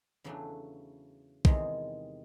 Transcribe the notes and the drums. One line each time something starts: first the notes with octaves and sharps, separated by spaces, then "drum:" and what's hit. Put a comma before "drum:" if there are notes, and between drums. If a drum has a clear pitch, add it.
E2 C#3 F#3 A3 D4
E2 C3 D#3 G#3, drum: kick